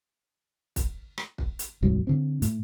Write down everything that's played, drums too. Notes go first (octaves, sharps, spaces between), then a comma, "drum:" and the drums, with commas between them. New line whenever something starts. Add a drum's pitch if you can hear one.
drum: kick, hi-hat
drum: rim click
drum: kick
drum: hi-hat
D#1 C2 G#2 F#3
D3 C4
A2, drum: hi-hat